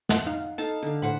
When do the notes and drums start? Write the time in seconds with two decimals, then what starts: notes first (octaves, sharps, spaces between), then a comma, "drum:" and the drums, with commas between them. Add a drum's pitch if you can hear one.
0.09 F2 F#5 C6, drum: snare
0.26 D#4 F5
0.58 D#4 A4 F5 A5
0.82 D3 F5
1.02 A2 C5 F#5 B5